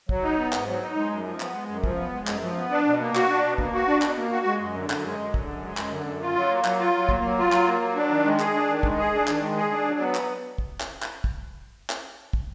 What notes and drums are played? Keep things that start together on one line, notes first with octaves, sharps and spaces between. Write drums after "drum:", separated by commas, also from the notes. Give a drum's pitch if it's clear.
F#3, drum: kick
D#4
B3
G#2, drum: clap
F#3
D#4
G#3
F#2
F3
B3, drum: clap
G#3
F#2
F3, drum: kick
B3
G#3
F#2, drum: clap
F3
B3
D4
B2
A#3
F#4, drum: clap
D4
B2
A#3, drum: kick
F#4
D4
B2, drum: clap
A#3
F#4
G#3
F#2
D3
F#2, drum: clap
G#3
F#2
D3, drum: kick
F#2
G#3
F#2, drum: clap
D3
F#2
F4
F#3
A#3
F#3, drum: clap
F4
F#3
A#3, drum: kick
F#3
F4
F#3, drum: clap
A#3
F#3
D4
D#3
G#3
G#4, drum: clap
D4
D#3
G#3, drum: kick
G#4
D4
D#3, drum: clap
G#3
G#4
D4
F#3
B3
drum: clap
drum: kick
drum: clap
drum: clap
drum: kick
drum: clap
drum: kick